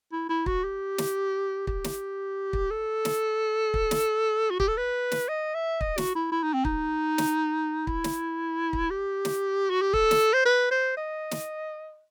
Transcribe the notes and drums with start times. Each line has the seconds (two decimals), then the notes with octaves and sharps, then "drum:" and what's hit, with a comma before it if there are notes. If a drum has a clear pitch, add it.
0.12 E4
0.29 E4
0.46 F#4, drum: kick
0.64 G4
0.98 drum: snare
1.67 G4, drum: kick
1.84 drum: snare
2.53 drum: kick
2.71 A4
3.05 drum: snare
3.74 drum: kick
3.91 drum: snare
4.50 F#4
4.60 G4, drum: kick
4.68 A4
4.77 B4
5.12 drum: snare
5.28 D#5
5.54 E5
5.81 D#5, drum: kick
5.98 F#4, drum: snare
6.15 E4
6.32 E4
6.43 D#4
6.54 C4
6.65 D#4, drum: kick
7.18 drum: snare
7.87 E4, drum: kick
8.04 drum: snare
8.73 drum: kick
8.90 G4
9.25 drum: snare
9.70 F#4
9.82 G4
9.94 A4, drum: kick
10.11 drum: snare
10.33 C5
10.45 B4
10.71 C5
10.97 D#5
11.31 drum: snare